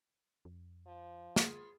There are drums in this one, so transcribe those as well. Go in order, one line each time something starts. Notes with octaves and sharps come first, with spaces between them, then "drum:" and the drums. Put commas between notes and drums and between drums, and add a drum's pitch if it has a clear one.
F2
F3
B3 F4 G#4, drum: snare